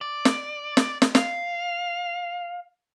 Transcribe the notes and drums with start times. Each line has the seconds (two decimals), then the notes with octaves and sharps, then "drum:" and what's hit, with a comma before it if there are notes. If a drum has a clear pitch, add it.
0.01 D5
0.25 drum: snare
0.77 drum: snare
1.02 drum: snare
1.15 F5, drum: snare